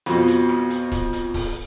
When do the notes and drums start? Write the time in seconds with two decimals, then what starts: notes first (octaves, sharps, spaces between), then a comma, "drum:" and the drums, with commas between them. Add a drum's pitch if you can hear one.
0.06 F2 B2, drum: hi-hat
0.28 drum: hi-hat
0.49 drum: rim click
0.70 drum: hi-hat
0.92 drum: kick C#1, hi-hat
1.13 drum: hi-hat
1.34 drum: kick C#1, open hi-hat